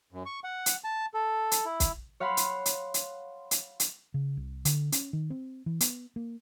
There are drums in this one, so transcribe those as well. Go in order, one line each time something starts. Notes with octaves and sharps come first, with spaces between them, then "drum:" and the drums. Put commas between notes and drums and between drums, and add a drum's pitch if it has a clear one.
F#2
C#6
F#5
drum: hi-hat
A5
A4
drum: hi-hat
E4
drum: kick, hi-hat
C#5 F5 F#5 B5 C6
drum: hi-hat
drum: hi-hat
drum: hi-hat
drum: hi-hat
drum: hi-hat
C#3
C2
D3, drum: hi-hat
C#4, drum: hi-hat
D#3
C4
E3
B3, drum: hi-hat
A#3